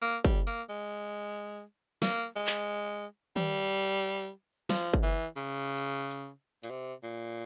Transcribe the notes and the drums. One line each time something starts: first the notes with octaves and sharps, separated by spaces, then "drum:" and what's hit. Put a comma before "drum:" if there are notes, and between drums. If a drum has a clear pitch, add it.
A#3
G3, drum: kick
A#3, drum: hi-hat
G#3
A#3, drum: snare
G#3
drum: clap
G3, drum: tom D#3
F3, drum: snare
drum: kick
E3
C#3
drum: hi-hat
drum: hi-hat
A#2, drum: hi-hat
C3
A#2